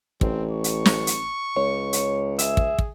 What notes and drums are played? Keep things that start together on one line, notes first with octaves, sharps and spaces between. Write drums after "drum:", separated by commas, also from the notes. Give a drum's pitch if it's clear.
A1 C4, drum: kick
C#6
drum: hi-hat
drum: snare
drum: hi-hat
C#2 C#5
drum: hi-hat
G#4 E5, drum: hi-hat
drum: kick
drum: kick